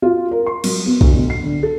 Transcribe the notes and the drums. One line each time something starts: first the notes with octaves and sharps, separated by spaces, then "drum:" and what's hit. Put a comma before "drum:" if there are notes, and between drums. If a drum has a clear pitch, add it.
F4
A#4
C6
F#3, drum: cymbal
B3
D2, drum: kick
B2
C7
D3
A4